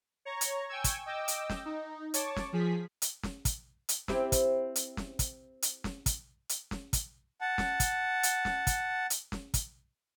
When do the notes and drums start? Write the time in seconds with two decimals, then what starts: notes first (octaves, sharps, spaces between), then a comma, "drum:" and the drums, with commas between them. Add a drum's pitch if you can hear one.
0.25 C#5 A#5 C#6
0.41 drum: hi-hat
0.69 G5 G#5 C#6 E6 G#6
0.84 drum: kick, hi-hat
1.06 D#5 G5 D6 E6
1.28 drum: hi-hat
1.50 drum: snare
1.65 D#4
2.14 C#5 A5 C#6 D6, drum: hi-hat
2.36 drum: snare
2.53 F3 G#4 B6
3.02 drum: hi-hat
3.23 drum: snare
3.45 drum: kick, hi-hat
3.89 drum: hi-hat
4.08 C4 E4 G4, drum: snare
4.32 drum: kick, hi-hat
4.76 drum: hi-hat
4.97 drum: snare
5.19 drum: kick, hi-hat
5.62 drum: hi-hat
5.84 drum: snare
6.06 drum: kick, hi-hat
6.49 drum: hi-hat
6.71 drum: snare
6.93 drum: kick, hi-hat
7.41 F#5 A5
7.58 drum: snare
7.80 drum: kick, hi-hat
8.23 drum: hi-hat
8.45 drum: snare
8.67 drum: kick, hi-hat
9.10 drum: hi-hat
9.32 drum: snare
9.54 drum: kick, hi-hat